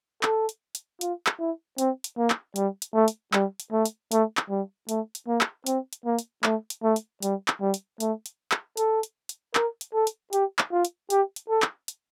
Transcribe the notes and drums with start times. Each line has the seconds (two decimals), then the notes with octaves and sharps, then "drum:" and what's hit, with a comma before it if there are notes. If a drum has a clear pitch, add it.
0.23 A4, drum: clap
0.49 drum: hi-hat
0.75 drum: hi-hat
1.01 F4, drum: hi-hat
1.27 drum: clap
1.39 E4
1.78 C4, drum: hi-hat
2.04 drum: hi-hat
2.17 A#3
2.30 drum: clap
2.56 G3, drum: hi-hat
2.82 drum: hi-hat
2.94 A3
3.08 drum: hi-hat
3.33 G3, drum: clap
3.60 drum: hi-hat
3.72 A3
3.85 drum: hi-hat
4.12 A3, drum: hi-hat
4.37 drum: clap
4.50 G3
4.89 A3, drum: hi-hat
5.15 drum: hi-hat
5.28 A#3
5.41 drum: clap
5.66 C4, drum: hi-hat
5.93 drum: hi-hat
6.05 A#3
6.19 drum: hi-hat
6.44 A3, drum: clap
6.70 drum: hi-hat
6.83 A3
6.96 drum: hi-hat
7.22 G3, drum: hi-hat
7.48 drum: clap
7.61 G3
7.74 drum: hi-hat
8.00 A3, drum: hi-hat
8.26 drum: hi-hat
8.52 drum: clap
8.77 A4, drum: hi-hat
9.03 drum: hi-hat
9.29 drum: hi-hat
9.55 A#4, drum: clap
9.81 drum: hi-hat
9.94 A4
10.07 drum: hi-hat
10.33 G4, drum: hi-hat
10.59 drum: clap
10.72 F4
10.85 drum: hi-hat
11.10 G4, drum: hi-hat
11.36 drum: hi-hat
11.49 A4
11.62 drum: clap
11.88 drum: hi-hat